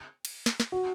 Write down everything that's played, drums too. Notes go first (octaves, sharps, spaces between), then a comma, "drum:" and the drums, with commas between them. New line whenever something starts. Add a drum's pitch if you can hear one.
drum: cymbal
drum: snare
drum: snare
F#4